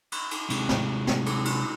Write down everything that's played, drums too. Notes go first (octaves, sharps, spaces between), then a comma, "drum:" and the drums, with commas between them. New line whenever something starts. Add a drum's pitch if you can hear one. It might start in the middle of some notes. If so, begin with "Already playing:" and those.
drum: cymbal
drum: cymbal
C3 G#3, drum: cymbal
drum: snare
drum: snare
drum: cymbal
drum: cymbal